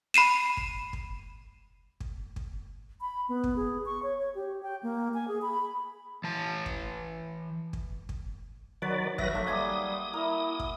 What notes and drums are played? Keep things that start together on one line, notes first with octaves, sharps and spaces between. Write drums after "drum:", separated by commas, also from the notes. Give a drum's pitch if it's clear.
B5 C7 D#7 E7
drum: kick
drum: kick
drum: kick
drum: kick
B5
B3
drum: kick
G#4
C#6
C#5
C#5
G4
G5
A#3
G#5
G#4
B5
E3 A5
drum: kick
drum: kick
drum: kick
D#3 F#3 F#4 B4 D5
F#3 B4 E5 A#6, drum: kick
F#3 A3 A#3 D#4
G3 G#5 C6 D6 D#6
E4 A#4
drum: kick